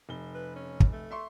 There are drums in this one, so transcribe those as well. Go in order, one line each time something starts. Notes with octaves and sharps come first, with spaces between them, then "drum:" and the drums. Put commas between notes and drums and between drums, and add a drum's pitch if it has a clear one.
F1 G7
B4
C#4
drum: kick
A3
E5 C6 C#6